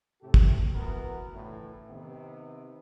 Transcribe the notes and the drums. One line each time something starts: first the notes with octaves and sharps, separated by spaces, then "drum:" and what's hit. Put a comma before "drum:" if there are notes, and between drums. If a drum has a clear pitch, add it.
A2 C3 G4 A4
drum: kick
E3 B3 F#4 A#4
C#2 A2 D3 E3
C3 D#3 B3